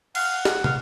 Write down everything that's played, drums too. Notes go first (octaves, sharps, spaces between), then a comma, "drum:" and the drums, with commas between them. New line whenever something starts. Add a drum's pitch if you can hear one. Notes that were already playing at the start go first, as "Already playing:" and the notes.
F5 F#5, drum: cymbal
drum: snare
F5, drum: tom